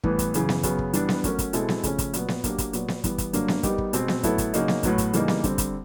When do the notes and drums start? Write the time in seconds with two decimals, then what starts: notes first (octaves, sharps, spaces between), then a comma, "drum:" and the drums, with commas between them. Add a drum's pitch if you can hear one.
0.04 A2 E3 G3 B3, drum: kick
0.19 drum: kick, hi-hat
0.34 F#2 C#3 E3, drum: hi-hat
0.49 drum: snare B3
0.63 F#2 C#3 F#3 B3, drum: kick, hi-hat
0.79 drum: kick
0.93 E3 G3 B3 D4, drum: hi-hat
1.09 drum: snare B3
1.24 F#3 A3 C#4 F#4 A#4, drum: kick, hi-hat
1.39 drum: kick, hi-hat
1.53 B2 G#3 C4 E4 A4, drum: hi-hat
1.69 drum: snare B3
1.83 C#3 F3 A3 C#4, drum: kick, hi-hat
1.98 drum: kick, hi-hat
2.13 A#2 F#3 B3, drum: hi-hat
2.28 drum: snare B3
2.44 F#3 A#3 D4 G4, drum: kick, hi-hat
2.58 drum: kick, hi-hat
2.73 A#2 F#3 B3, drum: hi-hat
2.88 drum: snare B3
3.04 E3 G3 B3, drum: kick, hi-hat
3.18 drum: kick, hi-hat
3.33 G2 D3 F#3 A#3, drum: hi-hat
3.48 drum: snare B3
3.63 G3 B3 D#4 G4 A#4, drum: kick, hi-hat
3.78 drum: kick
3.93 B2 G#3 C4, drum: hi-hat
4.08 drum: snare B3
4.23 A2 F#3 B3 E4 A4, drum: kick, hi-hat
4.38 drum: kick, hi-hat
4.54 C#3 F#3 A#3 D#4, drum: hi-hat
4.68 drum: snare B3
4.83 A2 F#3 B3, drum: kick, hi-hat
4.98 drum: kick, hi-hat
5.13 C#3 E3 G3 A#3 D#4, drum: hi-hat
5.28 drum: snare B3
5.44 D3 G3 C4, drum: kick, hi-hat
5.58 drum: kick, hi-hat